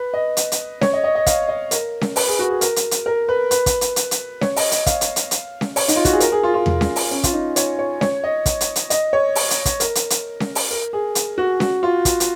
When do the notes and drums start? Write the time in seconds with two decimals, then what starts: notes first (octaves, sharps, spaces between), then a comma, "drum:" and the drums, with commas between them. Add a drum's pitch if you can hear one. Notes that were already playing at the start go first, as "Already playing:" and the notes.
Already playing: B4
0.14 D#5
0.37 drum: hi-hat
0.52 drum: hi-hat
0.81 C#5, drum: snare C#4
0.93 D#5
1.04 D#5
1.15 D#5
1.26 F5, drum: kick, hi-hat
1.49 D#5
1.71 A#4, drum: hi-hat
2.01 drum: snare C#4
2.16 B4, drum: open hi-hat
2.27 G#4
2.39 F#4
2.50 G#4
2.61 A#4, drum: hi-hat
2.76 drum: hi-hat
2.91 drum: hi-hat
3.06 A#4
3.29 B4
3.51 B4, drum: hi-hat
3.66 drum: kick, hi-hat
3.81 drum: hi-hat
3.96 drum: hi-hat
4.11 drum: hi-hat
4.41 C#5, drum: snare C#4
4.56 D#5, drum: open hi-hat
4.71 D#5, drum: hi-hat
4.86 F5, drum: kick, hi-hat
5.01 drum: hi-hat
5.16 drum: hi-hat
5.31 drum: hi-hat
5.61 drum: snare C#4
5.76 C#5, drum: open hi-hat
5.88 D#4, drum: hi-hat
5.96 F4
6.05 F#4, drum: kick, hi-hat
6.12 G#4
6.20 A#4, drum: hi-hat
6.32 G#4
6.43 F4
6.54 F4
6.66 drum: tom E2
6.81 drum: snare C#4
6.96 drum: open hi-hat
7.11 C#4
7.23 F4, drum: kick, hi-hat
7.33 D#4
7.56 C#5, drum: hi-hat
7.79 C#5
8.01 C#5, drum: snare C#4
8.24 D#5
8.46 drum: kick, hi-hat
8.61 drum: hi-hat
8.76 drum: hi-hat
8.90 D#5, drum: hi-hat
9.13 C#5
9.35 drum: open hi-hat
9.50 drum: hi-hat
9.65 drum: kick, hi-hat
9.80 A#4, drum: hi-hat
9.95 drum: hi-hat
10.10 drum: hi-hat
10.40 drum: snare C#4
10.55 drum: open hi-hat
10.71 A#4
10.93 G#4
11.15 drum: hi-hat
11.38 F#4
11.60 F#4, drum: snare C#4
11.83 F4
12.05 drum: kick, hi-hat
12.20 drum: hi-hat